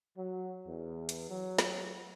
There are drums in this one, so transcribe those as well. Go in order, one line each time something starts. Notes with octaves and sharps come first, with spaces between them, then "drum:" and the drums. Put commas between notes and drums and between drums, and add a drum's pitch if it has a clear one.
F#3
E2
drum: hi-hat
F#3
drum: snare